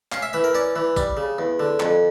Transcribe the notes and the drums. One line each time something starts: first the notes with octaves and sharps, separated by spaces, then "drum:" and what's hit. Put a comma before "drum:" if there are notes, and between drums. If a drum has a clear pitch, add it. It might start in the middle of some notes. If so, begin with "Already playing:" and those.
C#4 F5, drum: clap
E5
E3 E5
A#4
C#4 D5
E3
G3, drum: kick A1, tambourine
C#3
E2
D3
F2, drum: clap